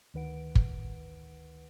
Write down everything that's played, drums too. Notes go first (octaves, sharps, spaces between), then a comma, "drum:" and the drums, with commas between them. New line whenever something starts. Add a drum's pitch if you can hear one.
D2 D#3 B4 F#5 D7
drum: kick